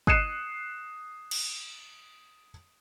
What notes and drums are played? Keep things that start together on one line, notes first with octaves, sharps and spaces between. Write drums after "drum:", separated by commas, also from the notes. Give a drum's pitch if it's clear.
D#6 F#6 C7 C#7 D#7 E7, drum: kick
drum: cymbal